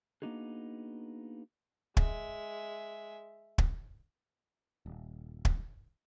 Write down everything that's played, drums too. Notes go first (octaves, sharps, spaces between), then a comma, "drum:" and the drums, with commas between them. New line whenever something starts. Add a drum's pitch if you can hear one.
A#3 B3 D4 D#4 F#4 G#4
G#3 E5, drum: kick
drum: kick
D#1
drum: kick